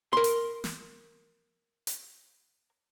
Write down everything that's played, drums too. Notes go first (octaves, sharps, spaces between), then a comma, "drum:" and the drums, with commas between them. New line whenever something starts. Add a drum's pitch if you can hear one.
A#4 C6
drum: hi-hat
drum: snare
drum: hi-hat